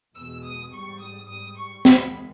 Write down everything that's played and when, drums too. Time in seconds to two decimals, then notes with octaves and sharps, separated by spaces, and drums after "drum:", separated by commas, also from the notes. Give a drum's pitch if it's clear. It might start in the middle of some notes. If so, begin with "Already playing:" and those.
0.15 E2 B2 G#3 E6
0.44 D#6
0.73 G#2 G3 C#6
1.00 D#6
1.28 G#2 G3 D#6
1.56 C#6
1.85 E2 D#3 G#3 B5, drum: snare